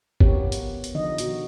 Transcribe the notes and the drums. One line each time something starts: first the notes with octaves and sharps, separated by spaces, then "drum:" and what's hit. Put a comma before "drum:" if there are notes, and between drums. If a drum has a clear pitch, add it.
B3 G4 A#4 C#5, drum: kick
drum: hi-hat
drum: hi-hat
D3 D#3 F3 D#4 D#5
B2 D3 F3 F#4, drum: hi-hat